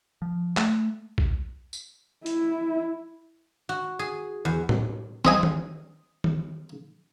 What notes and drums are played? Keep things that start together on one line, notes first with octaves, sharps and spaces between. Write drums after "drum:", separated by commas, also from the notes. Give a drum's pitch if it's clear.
F3
A3, drum: clap
drum: kick A#1
drum: tambourine
E4, drum: hi-hat
F#4
G#4
E2
drum: tom A2
C4 D#5 G#5, drum: snare E3
drum: tom D#3
drum: tom D#3